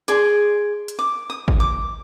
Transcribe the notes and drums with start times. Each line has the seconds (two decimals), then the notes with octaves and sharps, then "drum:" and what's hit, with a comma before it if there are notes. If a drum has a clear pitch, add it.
0.08 G#4 D5 C6, drum: hi-hat
0.88 drum: hi-hat
0.99 D6
1.30 D#6
1.48 drum: kick
1.60 D6